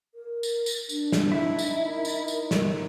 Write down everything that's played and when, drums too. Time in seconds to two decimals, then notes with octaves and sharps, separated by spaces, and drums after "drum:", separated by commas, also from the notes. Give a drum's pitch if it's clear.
0.15 A#4
0.43 drum: tambourine
0.66 drum: tambourine
0.89 D4, drum: tambourine
1.12 drum: snare
1.32 D#4 E4
1.59 drum: tambourine
1.87 A#4
2.05 drum: tambourine
2.28 drum: tambourine
2.51 drum: snare